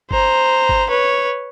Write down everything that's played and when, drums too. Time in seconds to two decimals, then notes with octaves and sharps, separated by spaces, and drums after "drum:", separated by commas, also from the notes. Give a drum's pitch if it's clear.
0.11 C5 A#5, drum: kick G1
0.69 drum: kick G1
0.90 B4 C#5